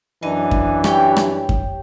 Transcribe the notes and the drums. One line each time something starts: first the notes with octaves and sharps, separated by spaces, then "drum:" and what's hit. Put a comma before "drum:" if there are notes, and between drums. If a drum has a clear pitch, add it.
F#2 E3 D4 D#4
drum: kick F#2
G4 C#5 G5, drum: rim click
drum: rim click
drum: kick F#2